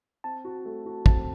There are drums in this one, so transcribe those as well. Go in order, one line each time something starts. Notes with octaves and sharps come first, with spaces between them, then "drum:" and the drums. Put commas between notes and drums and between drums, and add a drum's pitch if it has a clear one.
C4 A5
F#4
A3
F#4
C4 A5, drum: kick